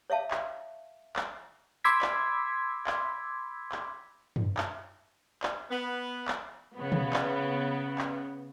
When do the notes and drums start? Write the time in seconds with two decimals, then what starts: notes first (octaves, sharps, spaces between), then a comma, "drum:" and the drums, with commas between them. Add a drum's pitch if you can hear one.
0.10 C#5 E5 F5 A5
0.31 drum: clap
1.16 drum: clap
1.84 B5 C6 D6 E6 G#6 B6
2.01 drum: clap
2.87 drum: clap
3.72 drum: clap
4.36 drum: tom
4.57 drum: clap
5.43 drum: clap
5.70 B3
6.28 drum: clap
6.78 C#3 B3
6.92 drum: tom
7.13 drum: clap
7.98 drum: clap